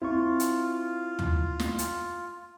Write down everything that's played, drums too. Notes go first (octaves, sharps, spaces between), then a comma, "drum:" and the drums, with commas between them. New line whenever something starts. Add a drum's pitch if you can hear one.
C4 E4 F4 C#6
drum: hi-hat
drum: tom
drum: snare
drum: hi-hat